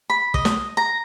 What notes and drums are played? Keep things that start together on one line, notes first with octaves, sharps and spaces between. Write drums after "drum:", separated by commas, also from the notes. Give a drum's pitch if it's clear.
B5
D#5, drum: kick
drum: snare
A#5